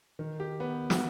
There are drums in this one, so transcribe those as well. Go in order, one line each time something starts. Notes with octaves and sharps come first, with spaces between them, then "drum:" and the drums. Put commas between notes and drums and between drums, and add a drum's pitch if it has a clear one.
D#3
G4
B3
F#4, drum: snare